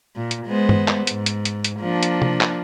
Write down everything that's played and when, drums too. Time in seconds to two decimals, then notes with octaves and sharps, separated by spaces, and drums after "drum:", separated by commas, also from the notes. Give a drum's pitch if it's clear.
0.16 A#2
0.31 drum: hi-hat
0.47 G#3 B3 C5
0.69 drum: tom G2
0.88 drum: clap
1.07 G#2, drum: hi-hat
1.26 drum: hi-hat
1.45 drum: hi-hat
1.64 drum: hi-hat
1.80 F3 A#3 D4
2.03 drum: hi-hat
2.22 drum: tom C3
2.41 drum: clap